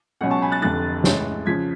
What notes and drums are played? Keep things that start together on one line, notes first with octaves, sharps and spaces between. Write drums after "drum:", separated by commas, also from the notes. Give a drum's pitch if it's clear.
C#2 B2 F#3 C#4 F#5
A5 C#6
G#5 B5
F#6 A6
F1 F2 D3 F#6 A6
A1 A2 G#3, drum: snare
C#3 F3 G#6 B6